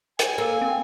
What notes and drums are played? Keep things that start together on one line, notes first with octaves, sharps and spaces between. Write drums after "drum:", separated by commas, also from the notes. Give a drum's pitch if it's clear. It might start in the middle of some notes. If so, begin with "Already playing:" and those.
G#5, drum: hi-hat
A#3 A4
C4